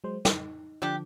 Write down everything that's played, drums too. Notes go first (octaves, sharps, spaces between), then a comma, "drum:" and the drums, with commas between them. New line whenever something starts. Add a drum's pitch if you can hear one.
F#3 G#3 C5
D#4, drum: snare
D3 F3 G3 D4 G4